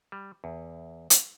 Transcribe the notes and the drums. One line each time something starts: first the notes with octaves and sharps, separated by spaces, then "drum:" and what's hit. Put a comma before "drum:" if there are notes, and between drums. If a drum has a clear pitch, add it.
G3
E2
drum: hi-hat